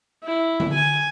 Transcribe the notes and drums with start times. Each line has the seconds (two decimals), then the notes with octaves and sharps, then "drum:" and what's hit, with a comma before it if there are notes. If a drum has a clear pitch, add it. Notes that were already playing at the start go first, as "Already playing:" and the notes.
0.24 E4
0.60 drum: tom D3
0.74 G#5